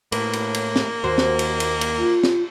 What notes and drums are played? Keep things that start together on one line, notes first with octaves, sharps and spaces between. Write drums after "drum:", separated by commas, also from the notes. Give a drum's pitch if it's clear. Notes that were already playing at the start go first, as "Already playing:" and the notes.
A2 A#3 B4, drum: cymbal
drum: cymbal
drum: cymbal
drum: snare
D#2 F#4 C5
drum: snare
drum: cymbal
drum: cymbal
drum: cymbal
F4
drum: snare